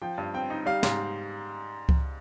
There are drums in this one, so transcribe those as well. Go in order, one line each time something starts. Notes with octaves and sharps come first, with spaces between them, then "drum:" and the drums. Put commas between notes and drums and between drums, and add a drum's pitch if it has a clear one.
F3 G5
G2
C4 G5
D#4
G3 F5
G#2, drum: snare
drum: kick C#2